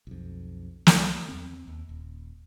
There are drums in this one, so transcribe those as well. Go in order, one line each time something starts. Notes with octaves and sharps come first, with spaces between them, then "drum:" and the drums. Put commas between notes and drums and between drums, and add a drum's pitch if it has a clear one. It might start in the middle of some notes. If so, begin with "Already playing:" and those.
B1 F2
C#2 E3, drum: snare
E2 C4
D#2
D#1